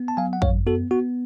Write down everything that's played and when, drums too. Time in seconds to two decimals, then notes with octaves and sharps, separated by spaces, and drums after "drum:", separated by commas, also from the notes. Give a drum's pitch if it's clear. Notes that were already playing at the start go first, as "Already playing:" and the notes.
Already playing: B3
0.08 A5
0.17 F#3 F5 G#5
0.33 F#5
0.42 F#2 C#5 F5, drum: kick
0.67 B3 F#4 A4
0.91 B3 F#4